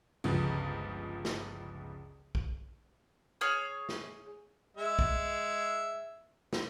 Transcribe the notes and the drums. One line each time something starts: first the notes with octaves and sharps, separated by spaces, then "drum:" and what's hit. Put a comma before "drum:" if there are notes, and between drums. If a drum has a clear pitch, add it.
G1 C#2 C#3 F3
drum: snare
drum: kick
G#4 C#5 F6
drum: snare
G#3 E5
drum: kick
drum: snare